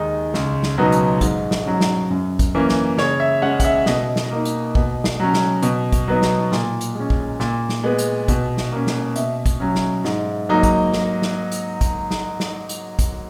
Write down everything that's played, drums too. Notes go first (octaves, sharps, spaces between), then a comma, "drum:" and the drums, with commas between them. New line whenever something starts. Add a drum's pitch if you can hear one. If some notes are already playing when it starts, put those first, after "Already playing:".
Already playing: D#2 D#3 G#3 D#4
C#2, drum: snare
drum: snare
B2 F#3 B3 D#4
drum: hi-hat
G#2, drum: kick, hi-hat
drum: snare
F#3 C#4
drum: snare
F#2
drum: kick, hi-hat
E3 A#3 C#4
drum: snare
C#3 C#5, drum: snare
E5
G#3 C#4 F#5
F#5, drum: kick, hi-hat
E5
B2 D#5, drum: snare
drum: snare
A#3 D#4
drum: hi-hat
B2, drum: kick
drum: snare
F#3 C#4
drum: snare
B2, drum: hi-hat
drum: kick, hi-hat
F#3 B3 D#4
drum: snare
A#2, drum: snare
drum: hi-hat
G#3
C#4
drum: kick
A#2, drum: snare
drum: snare
G#3 B3
drum: hi-hat
B2, drum: kick, hi-hat
drum: snare
A#3 C#4
drum: snare
B2 E5, drum: hi-hat
drum: kick, hi-hat
F#3 C#4
drum: snare
G#2, drum: snare
F#3 A#3 D#4
drum: kick, hi-hat
drum: snare
drum: snare
drum: hi-hat
drum: kick, hi-hat
drum: snare
drum: snare
drum: hi-hat
drum: kick, hi-hat